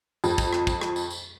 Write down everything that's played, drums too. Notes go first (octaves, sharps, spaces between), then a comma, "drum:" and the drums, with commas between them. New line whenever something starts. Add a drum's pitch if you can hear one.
F2, drum: tambourine
drum: kick, tambourine
drum: rim click
drum: kick, tambourine
drum: rim click
drum: tambourine
drum: tambourine